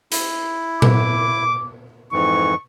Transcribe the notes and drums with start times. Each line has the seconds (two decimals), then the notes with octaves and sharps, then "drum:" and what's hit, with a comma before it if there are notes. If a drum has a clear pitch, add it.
0.12 E4, drum: hi-hat
0.82 D6, drum: tom A#2
2.13 F2 G#2 E3 C#6